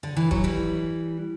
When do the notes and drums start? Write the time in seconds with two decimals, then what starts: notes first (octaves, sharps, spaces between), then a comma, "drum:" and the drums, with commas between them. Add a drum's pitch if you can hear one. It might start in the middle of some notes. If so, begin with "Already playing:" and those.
0.03 D3
0.17 E3
0.31 F#3, drum: kick
0.44 E3 G3